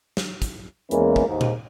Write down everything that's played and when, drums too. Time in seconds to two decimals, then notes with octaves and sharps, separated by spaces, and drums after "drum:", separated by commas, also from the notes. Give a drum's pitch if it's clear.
0.17 drum: snare
0.42 drum: kick, hi-hat
0.91 E2 E3 G#3 A#3 C#4 A#4, drum: hi-hat
1.16 drum: kick
1.28 D#2 G#2
1.41 drum: tom A#2